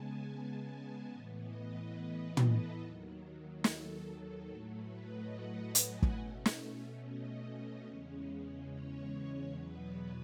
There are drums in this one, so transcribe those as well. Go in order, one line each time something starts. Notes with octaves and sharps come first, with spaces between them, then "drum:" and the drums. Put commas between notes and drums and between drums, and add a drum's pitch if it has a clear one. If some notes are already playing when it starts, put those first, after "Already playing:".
Already playing: C#3 G#3 B3 G#5 A5
A2 E3 B3 D#5
D#5
B4
B4
A4, drum: tom
D#2 D#3 F#3
A4, drum: snare
A2 F#3 A3 A4
B4
D#5
F#5
G#5, drum: hi-hat
drum: kick
B2 A3 C#4
drum: snare
D#5
E2 C#3 G#3 C#4
C#5
E2 B2 F#3 B3 B4